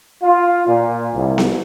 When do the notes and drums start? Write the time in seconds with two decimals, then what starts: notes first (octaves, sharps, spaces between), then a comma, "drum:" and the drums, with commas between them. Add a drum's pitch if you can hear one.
0.22 F4
0.67 A#2
1.14 C2
1.38 drum: snare B3